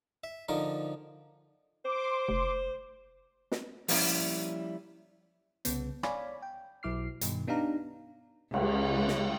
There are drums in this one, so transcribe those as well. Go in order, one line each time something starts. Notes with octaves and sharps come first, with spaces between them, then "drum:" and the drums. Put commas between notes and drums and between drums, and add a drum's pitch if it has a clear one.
E5
D3 F3 D#4 A#4
C5 C6 D6
F1
drum: snare
F3 G3 A#3 C#4 E4, drum: open hi-hat
C2 C#3 B3, drum: hi-hat
C#5 D5 F5 G#5 B5, drum: rim click
G5
B1 F#3 E4 D6 F6 C7
G2 B2 D#3, drum: hi-hat
B3 D4 D#4 G4 F5 A#5
C#2, drum: cymbal
drum: snare